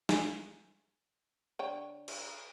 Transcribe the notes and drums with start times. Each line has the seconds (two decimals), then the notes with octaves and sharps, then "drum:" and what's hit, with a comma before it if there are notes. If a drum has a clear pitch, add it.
0.09 G#5, drum: snare
1.59 D3 C#5 G5
2.08 drum: cymbal